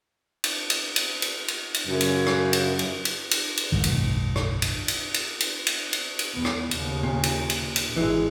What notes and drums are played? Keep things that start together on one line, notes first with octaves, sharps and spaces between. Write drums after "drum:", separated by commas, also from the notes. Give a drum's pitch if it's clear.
drum: cymbal
drum: cymbal
drum: cymbal
drum: cymbal
drum: cymbal
drum: cymbal
F#2 C#3
drum: cymbal
drum: rim click
drum: cymbal
drum: cymbal
drum: cymbal
drum: cymbal
drum: cymbal
F#1 B1 G#2 D#3
drum: cymbal
drum: rim click
drum: cymbal
drum: cymbal
drum: cymbal
drum: cymbal
drum: cymbal
drum: cymbal
drum: cymbal
E2 B3
drum: rim click
D#2 C#3, drum: cymbal
A#2
drum: cymbal
drum: cymbal
drum: cymbal
G#1 E3 G#3